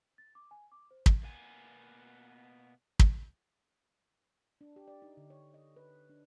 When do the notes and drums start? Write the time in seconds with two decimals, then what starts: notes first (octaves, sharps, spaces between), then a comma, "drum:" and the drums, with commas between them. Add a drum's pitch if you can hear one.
0.18 A6
0.35 D6
0.51 G#5
0.72 D6
0.91 C5
1.06 drum: kick
1.23 B2 A#3 B3 G#5
2.99 drum: kick
4.61 D4
4.76 G4
4.88 D5
5.02 D#4
5.17 D3
5.30 C#5
5.54 D#5
5.76 B4
6.09 D4